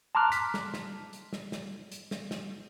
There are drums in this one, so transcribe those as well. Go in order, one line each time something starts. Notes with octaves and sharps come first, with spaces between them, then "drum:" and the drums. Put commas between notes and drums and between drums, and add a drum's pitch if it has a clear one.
A5 A#5 C6 D6 F6 F#6
B6, drum: hi-hat
drum: snare
drum: snare
drum: hi-hat
drum: snare
drum: snare
drum: hi-hat
drum: snare
drum: snare